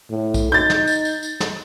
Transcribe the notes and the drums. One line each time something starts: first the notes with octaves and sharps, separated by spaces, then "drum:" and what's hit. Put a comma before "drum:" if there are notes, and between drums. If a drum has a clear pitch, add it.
A2
drum: kick B1, tambourine
D#4 G6 A6
drum: snare
drum: tambourine
drum: tambourine
drum: tambourine
drum: snare